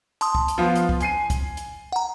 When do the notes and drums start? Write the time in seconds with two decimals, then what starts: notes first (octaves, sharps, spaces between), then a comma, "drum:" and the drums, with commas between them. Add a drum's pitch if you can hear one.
0.21 A5 C6 D#6, drum: hi-hat
0.35 drum: kick C2
0.48 drum: hi-hat
0.58 F3 B3 F4
0.76 drum: hi-hat
0.89 drum: kick C2
1.01 G#5 C7 D#7, drum: hi-hat
1.30 drum: kick C2, hi-hat
1.57 drum: hi-hat
1.92 F#5 A#5